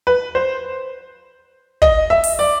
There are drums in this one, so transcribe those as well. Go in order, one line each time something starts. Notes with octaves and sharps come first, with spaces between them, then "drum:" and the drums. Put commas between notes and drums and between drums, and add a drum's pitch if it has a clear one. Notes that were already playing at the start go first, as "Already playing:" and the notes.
B4
C5
D#5, drum: kick
E5
drum: open hi-hat
D5